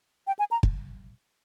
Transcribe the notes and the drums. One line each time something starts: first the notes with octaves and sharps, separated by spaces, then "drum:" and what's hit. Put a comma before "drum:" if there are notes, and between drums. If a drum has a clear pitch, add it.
G5
G#5
A#5
drum: kick